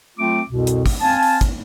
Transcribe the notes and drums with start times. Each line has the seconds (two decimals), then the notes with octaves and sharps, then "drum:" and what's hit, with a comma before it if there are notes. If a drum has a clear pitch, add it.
0.18 F#3 A3 C4 F4 D6
0.49 C2 F2 B2
0.67 drum: hi-hat
0.86 drum: kick, open hi-hat
1.01 C4 F5 G#5 A5
1.23 drum: open hi-hat
1.41 drum: kick, hi-hat